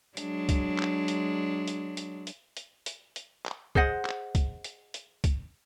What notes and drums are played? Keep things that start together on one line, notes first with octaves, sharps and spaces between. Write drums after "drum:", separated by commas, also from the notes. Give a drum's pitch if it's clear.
F#3 G#3 D4, drum: hi-hat
drum: kick, hi-hat
drum: clap
drum: hi-hat
drum: hi-hat
drum: hi-hat
drum: hi-hat
drum: hi-hat
drum: hi-hat
drum: hi-hat
drum: clap
G#4 C5 D#5 F#5, drum: kick
drum: clap
drum: kick, hi-hat
drum: hi-hat
drum: hi-hat
drum: kick, hi-hat